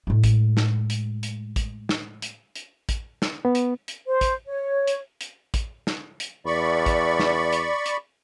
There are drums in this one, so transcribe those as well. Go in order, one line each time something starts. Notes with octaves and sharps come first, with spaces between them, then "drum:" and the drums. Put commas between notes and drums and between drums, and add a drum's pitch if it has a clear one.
A2 G#3
drum: kick, hi-hat
drum: snare
drum: hi-hat
drum: hi-hat
drum: kick, hi-hat
drum: snare
drum: hi-hat
drum: hi-hat
drum: kick, hi-hat
drum: snare
B3
drum: hi-hat
drum: hi-hat
C5
drum: kick, hi-hat
C#5
drum: hi-hat
drum: hi-hat
drum: kick, hi-hat
drum: snare
drum: hi-hat
E2 D5 B5 C#6
drum: kick, hi-hat
drum: snare
drum: hi-hat
drum: hi-hat